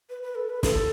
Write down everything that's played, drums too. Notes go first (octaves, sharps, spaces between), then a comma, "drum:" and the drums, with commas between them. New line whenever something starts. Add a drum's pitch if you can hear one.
B4
B4
A4
B4
A4, drum: snare